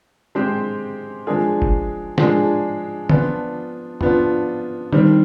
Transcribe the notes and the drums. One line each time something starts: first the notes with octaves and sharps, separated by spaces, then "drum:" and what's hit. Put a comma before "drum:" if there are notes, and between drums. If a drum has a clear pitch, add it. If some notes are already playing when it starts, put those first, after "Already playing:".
G#3 C4 G4 C5
F3 G#3 D4 G#4
drum: kick F#1
F3 G#3 D4 G#4, drum: snare
F3 B3 D4 F4, drum: tom
F3 B3 D4 F4, drum: tom
D#3 G3 C4, drum: tom